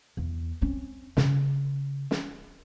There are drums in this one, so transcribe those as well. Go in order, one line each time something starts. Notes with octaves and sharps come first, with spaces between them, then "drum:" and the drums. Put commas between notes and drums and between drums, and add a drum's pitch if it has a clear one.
E2
C4 C#4
C#3, drum: snare
drum: snare